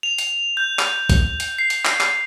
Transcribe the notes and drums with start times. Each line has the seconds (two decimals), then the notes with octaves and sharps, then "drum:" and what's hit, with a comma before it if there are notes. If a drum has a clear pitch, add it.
0.03 F7
0.18 drum: hi-hat
0.57 G6
0.79 drum: clap
1.10 drum: kick, hi-hat
1.40 drum: hi-hat
1.58 C7
1.70 drum: hi-hat
1.85 drum: clap
2.01 drum: clap